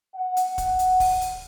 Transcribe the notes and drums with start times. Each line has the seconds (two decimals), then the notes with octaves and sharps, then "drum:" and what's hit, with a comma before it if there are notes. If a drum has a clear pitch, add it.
0.15 F#5
0.37 drum: hi-hat
0.58 drum: kick, hi-hat
0.79 drum: hi-hat
1.00 drum: kick, open hi-hat
1.21 drum: hi-hat